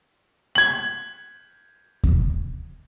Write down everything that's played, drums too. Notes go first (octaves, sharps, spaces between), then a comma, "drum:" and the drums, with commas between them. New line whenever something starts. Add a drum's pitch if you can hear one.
G#6 F#7
drum: kick D#2